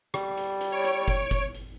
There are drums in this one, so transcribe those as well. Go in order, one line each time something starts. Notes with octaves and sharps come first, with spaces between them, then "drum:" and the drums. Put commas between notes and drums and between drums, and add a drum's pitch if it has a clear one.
G3, drum: rim click
drum: hi-hat
drum: hi-hat
C#5 D7
drum: hi-hat
drum: kick F#1, hi-hat
drum: kick F#1, hi-hat
drum: hi-hat